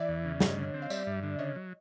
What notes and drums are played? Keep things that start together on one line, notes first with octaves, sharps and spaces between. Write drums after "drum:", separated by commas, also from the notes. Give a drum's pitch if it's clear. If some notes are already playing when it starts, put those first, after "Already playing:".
Already playing: E3 D5 E5
E2
C#3
G2 C#5 D#5, drum: snare
D3
C4
F5
G3 D5 E5, drum: tambourine
G2
D3
C#3 C#5 D#5
F#3